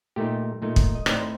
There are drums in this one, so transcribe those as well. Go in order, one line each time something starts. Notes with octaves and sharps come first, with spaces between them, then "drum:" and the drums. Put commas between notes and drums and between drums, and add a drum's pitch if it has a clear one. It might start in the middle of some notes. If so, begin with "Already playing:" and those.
A#2 A3 D#4 G4
A#2 A3 D#4
drum: kick
D#5
A2 A3 C4 D#4 D5, drum: rim click
C5